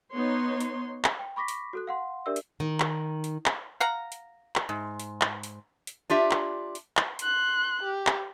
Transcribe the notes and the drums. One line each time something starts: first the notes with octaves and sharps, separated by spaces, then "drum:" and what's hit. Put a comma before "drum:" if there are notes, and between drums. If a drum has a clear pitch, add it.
B3 D#4 C#5 C6
drum: hi-hat
drum: clap
G5
B5 C#6 D6 A#6 B6
drum: hi-hat
F#4 A4 F#6
F5 F#5 C6
D4 G4 A#4 D5 E5 E6
drum: hi-hat
D#3
drum: clap
drum: hi-hat
drum: clap
F5 F#5 A#5
drum: hi-hat
drum: clap
G#2
drum: hi-hat
drum: clap
drum: hi-hat
drum: hi-hat
D4 F4 G4 E5
drum: clap
drum: hi-hat
drum: clap
C6 F#6, drum: hi-hat
G4
drum: clap